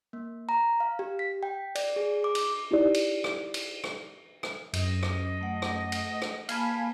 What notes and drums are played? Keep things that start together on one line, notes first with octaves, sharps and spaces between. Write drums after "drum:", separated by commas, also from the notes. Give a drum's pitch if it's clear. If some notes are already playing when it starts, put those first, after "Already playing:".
A#3
A#5
F5
G4
B6
G5
D5, drum: cymbal
G#4
D6
drum: cymbal
D#4 E4 G4 D5
drum: cymbal
drum: rim click
drum: cymbal
drum: rim click
drum: rim click
F#2 D#5, drum: cymbal
drum: rim click
A3 F#5
drum: rim click
drum: cymbal
drum: rim click
A#3 F5 G#5 A5 B5, drum: cymbal